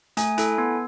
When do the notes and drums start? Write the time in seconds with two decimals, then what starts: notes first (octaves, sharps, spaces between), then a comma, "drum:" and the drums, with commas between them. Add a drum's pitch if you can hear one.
0.17 A3 G#5, drum: hi-hat
0.38 E4 A4, drum: hi-hat
0.58 B3